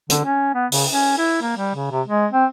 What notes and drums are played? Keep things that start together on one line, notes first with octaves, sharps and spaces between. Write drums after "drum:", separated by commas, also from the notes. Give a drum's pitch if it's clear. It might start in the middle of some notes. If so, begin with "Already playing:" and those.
D3, drum: hi-hat
C#4
B3
C#3, drum: open hi-hat
C#4
E4
A#3
G3
C#3
C3
G#3
C4